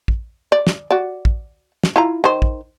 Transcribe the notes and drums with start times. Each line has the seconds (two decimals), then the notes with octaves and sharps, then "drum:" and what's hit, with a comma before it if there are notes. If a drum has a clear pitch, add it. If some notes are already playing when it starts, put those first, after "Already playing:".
0.08 drum: kick
0.52 D5
0.67 drum: snare
0.91 F#4 D5
1.25 drum: kick
1.84 drum: snare
1.96 E4 F4 A#5
2.24 D#3 C5
2.42 drum: kick